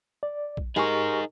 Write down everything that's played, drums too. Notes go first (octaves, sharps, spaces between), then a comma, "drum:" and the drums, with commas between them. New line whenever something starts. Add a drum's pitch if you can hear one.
D5
drum: kick
D#4 G4 G#4 A#4 G#5 C#6, drum: snare